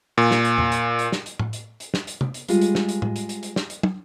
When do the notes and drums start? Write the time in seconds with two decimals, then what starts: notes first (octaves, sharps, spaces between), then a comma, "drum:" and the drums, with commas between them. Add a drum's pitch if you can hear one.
0.18 A#2
0.31 drum: snare
0.45 drum: hi-hat
0.58 drum: tom E2
0.72 drum: hi-hat
0.99 drum: hi-hat
1.12 drum: snare
1.26 drum: hi-hat
1.40 drum: tom A2
1.53 drum: hi-hat
1.80 drum: hi-hat
1.94 drum: snare
2.07 drum: hi-hat
2.21 drum: tom C3
2.34 drum: hi-hat
2.48 G3 G#3 F4, drum: hi-hat
2.61 drum: hi-hat
2.75 drum: snare
2.89 drum: hi-hat
3.02 drum: tom A2
3.16 drum: hi-hat
3.29 drum: hi-hat
3.43 drum: hi-hat
3.56 drum: snare
3.70 drum: hi-hat
3.83 drum: tom